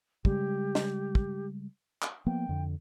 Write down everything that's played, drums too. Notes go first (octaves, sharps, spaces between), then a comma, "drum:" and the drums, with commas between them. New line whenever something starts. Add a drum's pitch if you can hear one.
C#3 G3 G#3 G4, drum: kick
drum: snare
drum: kick
drum: clap
F3 A#3 B3 G5
F2 D3